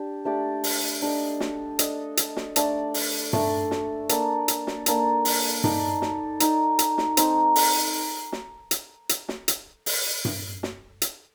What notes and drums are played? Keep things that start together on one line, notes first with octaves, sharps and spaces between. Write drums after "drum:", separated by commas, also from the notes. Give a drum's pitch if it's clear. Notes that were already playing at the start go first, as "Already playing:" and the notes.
Already playing: D4 G4
A3 D4 G4 D5
drum: open hi-hat
D4 A4 D#5
drum: snare
D4 A4 D#5, drum: hi-hat
drum: hi-hat
drum: snare
A3 D4 A4 D5, drum: hi-hat
drum: open hi-hat
A3 D4 A4 D5, drum: tom G2
drum: snare
A#3 D4 A4 D5, drum: hi-hat
drum: hi-hat
drum: snare
A#3 D4 A4 D5, drum: hi-hat
drum: open hi-hat
D#4 A4 D5, drum: tom G2
drum: snare
D#4 A4 D5, drum: hi-hat
drum: hi-hat
drum: snare
C4 D#4 A4 D#5, drum: hi-hat
drum: open hi-hat
drum: snare
drum: hi-hat
drum: hi-hat
drum: snare
drum: hi-hat
drum: open hi-hat
drum: tom G2
drum: snare
drum: hi-hat